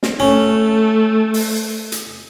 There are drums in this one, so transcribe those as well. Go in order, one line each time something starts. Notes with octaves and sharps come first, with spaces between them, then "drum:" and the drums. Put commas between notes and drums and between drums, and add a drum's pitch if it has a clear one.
drum: snare
A3 C#4
drum: open hi-hat
drum: hi-hat